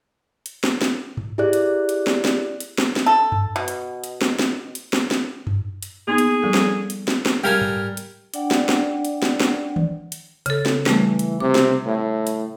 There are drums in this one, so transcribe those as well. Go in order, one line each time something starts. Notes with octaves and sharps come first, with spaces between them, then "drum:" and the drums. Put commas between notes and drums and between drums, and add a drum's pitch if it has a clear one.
drum: hi-hat
drum: snare
drum: snare
drum: tom G#2
E4 G4 G#4 D5 F#6
drum: hi-hat
drum: hi-hat
drum: snare
drum: snare
drum: hi-hat
drum: snare
drum: snare
A4
drum: tom F#2
B2
drum: hi-hat
drum: hi-hat
drum: snare
drum: snare
drum: hi-hat
drum: snare
drum: snare
drum: tom F#2
drum: hi-hat
A#3 B3 D#4 G#4
drum: hi-hat
F3 G3 A4
drum: snare
drum: hi-hat
drum: snare
drum: snare
G3 A4 A#4 F5 G5 G#5
drum: tom G#2
drum: hi-hat
D4 D5 F#5 G5, drum: hi-hat
drum: snare
drum: snare
drum: hi-hat
drum: snare
drum: snare
drum: tom D#3
drum: hi-hat
C#3 A4, drum: hi-hat
drum: snare
E3 G3 A3, drum: snare
drum: hi-hat
C3 D6
drum: snare
A2
drum: hi-hat